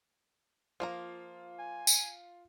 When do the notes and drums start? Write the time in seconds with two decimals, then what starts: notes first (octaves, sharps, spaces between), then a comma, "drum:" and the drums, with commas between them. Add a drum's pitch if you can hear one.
0.80 F3 A#3 F4 A#5
1.59 G#5
1.87 drum: tambourine